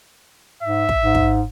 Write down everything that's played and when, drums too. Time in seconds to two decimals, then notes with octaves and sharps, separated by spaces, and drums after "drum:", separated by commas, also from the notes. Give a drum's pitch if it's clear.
0.63 G#2 E5
0.89 drum: kick
1.03 G#2
1.15 drum: kick